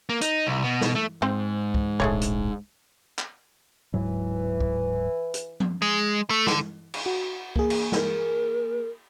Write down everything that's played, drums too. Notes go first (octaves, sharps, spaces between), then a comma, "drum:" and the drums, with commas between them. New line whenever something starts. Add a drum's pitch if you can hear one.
A#3
D#4, drum: hi-hat
C2
B2
drum: snare
A3
G#2 C4 C5
drum: kick
D1 A#1 G#3 A3 C#5
drum: hi-hat
drum: clap
D1 G#2 E3 F#3
drum: kick
drum: hi-hat
drum: tom F3
G#3
A3
D3, drum: snare
drum: cymbal
F#4
A#3 G#4, drum: kick
drum: cymbal
A#4, drum: snare